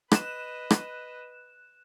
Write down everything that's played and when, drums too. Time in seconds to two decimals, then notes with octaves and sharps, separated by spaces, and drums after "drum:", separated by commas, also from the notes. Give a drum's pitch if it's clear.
0.12 B4 D#5 F#6 E7, drum: rim click
0.71 drum: rim click